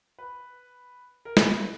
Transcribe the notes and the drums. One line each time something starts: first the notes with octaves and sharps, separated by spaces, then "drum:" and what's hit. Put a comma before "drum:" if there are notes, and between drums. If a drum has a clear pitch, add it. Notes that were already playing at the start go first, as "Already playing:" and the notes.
B4
A#4
B4, drum: snare